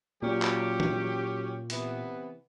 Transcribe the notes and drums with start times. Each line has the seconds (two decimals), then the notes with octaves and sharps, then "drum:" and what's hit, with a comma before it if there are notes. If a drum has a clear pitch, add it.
0.22 A#2 F#3 C#4 G4
0.42 drum: clap
0.80 drum: tom
1.70 C3 E3 B3, drum: hi-hat